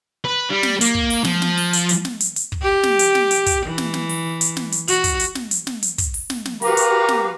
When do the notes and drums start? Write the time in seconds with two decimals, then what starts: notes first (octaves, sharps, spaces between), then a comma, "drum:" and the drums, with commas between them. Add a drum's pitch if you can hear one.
0.25 B4
0.50 G3
0.63 drum: snare
0.81 A#3, drum: hi-hat
0.95 drum: kick
1.10 drum: open hi-hat
1.25 F3, drum: snare
1.42 drum: snare
1.57 drum: open hi-hat
1.73 drum: hi-hat
1.89 drum: hi-hat
2.05 drum: snare
2.20 drum: hi-hat
2.36 drum: hi-hat
2.52 drum: kick
2.63 G4
2.83 drum: snare
2.99 drum: hi-hat
3.15 drum: snare
3.31 drum: hi-hat
3.46 drum: kick, hi-hat
3.66 E3
3.78 drum: snare
3.94 drum: snare
4.09 drum: open hi-hat
4.41 drum: hi-hat
4.57 drum: snare
4.72 drum: hi-hat
4.88 F#4, drum: hi-hat
5.04 drum: kick, hi-hat
5.20 drum: hi-hat
5.35 drum: snare
5.51 drum: hi-hat
5.67 drum: snare
5.83 drum: hi-hat
5.98 drum: kick, hi-hat
6.14 drum: open hi-hat
6.30 drum: snare
6.45 drum: snare
6.62 F#4 G4 A#4 B4 F5 A#5, drum: open hi-hat
6.77 drum: hi-hat
7.08 drum: snare